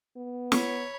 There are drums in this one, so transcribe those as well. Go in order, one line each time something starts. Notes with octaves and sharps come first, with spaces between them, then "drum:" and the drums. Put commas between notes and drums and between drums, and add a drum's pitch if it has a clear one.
B3
C#5 B5, drum: snare